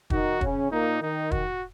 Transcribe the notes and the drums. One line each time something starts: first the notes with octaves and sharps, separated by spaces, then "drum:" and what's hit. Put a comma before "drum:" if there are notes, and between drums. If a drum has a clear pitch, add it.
D#3 D#4 F#4, drum: kick
C#3 C#4, drum: kick
A#2 A#3 D#4
D#3 D#4
F#4, drum: kick